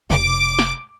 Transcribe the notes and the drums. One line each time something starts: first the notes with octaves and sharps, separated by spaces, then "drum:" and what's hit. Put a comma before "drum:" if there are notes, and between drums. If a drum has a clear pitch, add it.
F1 D6, drum: tom
drum: snare